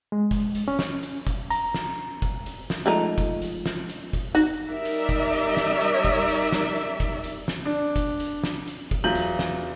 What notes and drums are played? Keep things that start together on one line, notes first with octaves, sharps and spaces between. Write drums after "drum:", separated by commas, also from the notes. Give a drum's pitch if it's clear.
G#3
drum: kick, hi-hat
drum: hi-hat
C#4
drum: snare
drum: hi-hat
drum: kick, hi-hat
A#5, drum: hi-hat
drum: snare
drum: kick, hi-hat
drum: hi-hat
drum: snare
F3 G#3 A3 D#4
drum: kick, hi-hat
drum: hi-hat
drum: snare
drum: hi-hat
drum: kick, hi-hat
D#4 F#4, drum: hi-hat
G3 D#4 A#4 D5 E5
drum: hi-hat
drum: kick, hi-hat
drum: hi-hat
drum: snare
drum: hi-hat
drum: kick, hi-hat
drum: hi-hat
drum: snare
drum: hi-hat
drum: kick, hi-hat
drum: hi-hat
drum: snare
D4
drum: kick, hi-hat
drum: hi-hat
drum: snare
drum: hi-hat
drum: kick, hi-hat
E2 F#3 F4 A#5 G6 F#7
drum: hi-hat
drum: snare